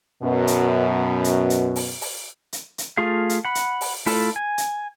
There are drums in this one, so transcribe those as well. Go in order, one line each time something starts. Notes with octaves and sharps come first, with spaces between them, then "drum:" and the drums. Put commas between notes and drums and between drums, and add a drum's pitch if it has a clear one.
F#2 B2
drum: hi-hat
drum: hi-hat
drum: hi-hat
drum: open hi-hat
drum: open hi-hat
drum: hi-hat
drum: hi-hat
A3 F4 G#4 F5
drum: hi-hat
F#5 B5
drum: hi-hat
drum: open hi-hat
A3 E4 F4 A4, drum: open hi-hat
G#5
drum: hi-hat